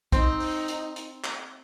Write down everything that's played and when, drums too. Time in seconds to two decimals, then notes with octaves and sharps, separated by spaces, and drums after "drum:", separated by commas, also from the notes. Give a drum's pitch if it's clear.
0.12 C4 D#4, drum: kick, hi-hat
0.40 drum: open hi-hat
0.68 drum: hi-hat
0.96 drum: hi-hat
1.24 drum: clap